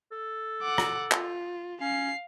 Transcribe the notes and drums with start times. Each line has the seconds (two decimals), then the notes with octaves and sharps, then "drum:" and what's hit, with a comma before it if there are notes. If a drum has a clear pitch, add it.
0.12 A4
0.62 F#5 D6
0.78 drum: rim click
1.11 F4, drum: clap
1.81 C#4 F5 C7